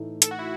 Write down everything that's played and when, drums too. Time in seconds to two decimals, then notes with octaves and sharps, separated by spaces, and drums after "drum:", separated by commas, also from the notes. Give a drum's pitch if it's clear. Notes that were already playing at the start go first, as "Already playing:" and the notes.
Already playing: A2 E3 A3 D#4
0.22 A4, drum: hi-hat
0.31 F#4
0.39 E4